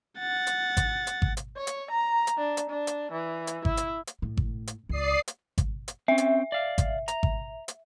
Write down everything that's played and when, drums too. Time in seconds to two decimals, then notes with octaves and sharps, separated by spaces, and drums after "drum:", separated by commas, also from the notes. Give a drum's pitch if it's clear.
0.19 F#5 A6
0.47 drum: hi-hat
0.77 drum: kick G#1, hi-hat
1.07 drum: hi-hat
1.22 drum: kick G#1
1.37 drum: hi-hat
1.58 C#5
1.67 drum: hi-hat
1.91 A#5
2.27 drum: hi-hat
2.38 D4
2.57 drum: hi-hat
2.70 D4
2.87 drum: hi-hat
3.12 E3
3.47 drum: hi-hat
3.65 E4, drum: kick G#1
3.77 drum: hi-hat
4.07 drum: hi-hat
4.22 A2
4.37 drum: kick G#1
4.67 drum: hi-hat
4.89 C#2 D5 D#6 C7
5.28 drum: hi-hat
5.58 drum: kick G#1, hi-hat
5.88 drum: hi-hat
6.08 C4 C#4 E5
6.18 drum: hi-hat
6.52 D5 F5
6.78 drum: kick G#1, hi-hat
7.08 A#5, drum: hi-hat
7.23 drum: kick G#1
7.68 drum: hi-hat